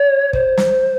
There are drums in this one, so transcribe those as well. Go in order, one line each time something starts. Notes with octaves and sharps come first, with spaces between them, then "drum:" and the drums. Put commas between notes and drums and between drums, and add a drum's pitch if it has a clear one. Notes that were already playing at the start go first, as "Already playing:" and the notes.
Already playing: C#5
C5, drum: kick
drum: snare